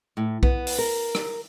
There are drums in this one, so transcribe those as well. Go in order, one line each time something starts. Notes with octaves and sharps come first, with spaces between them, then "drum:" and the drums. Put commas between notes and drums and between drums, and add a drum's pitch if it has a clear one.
A2
B3, drum: kick B1
drum: open hi-hat
A#4
drum: rim click